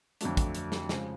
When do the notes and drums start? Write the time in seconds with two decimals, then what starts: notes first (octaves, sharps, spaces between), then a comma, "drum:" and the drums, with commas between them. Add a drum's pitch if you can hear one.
0.21 F2 D3 F#3 A3 D4, drum: hi-hat
0.37 drum: kick, hi-hat
0.55 drum: hi-hat
0.72 drum: snare
0.89 C#3 F3 G#3, drum: snare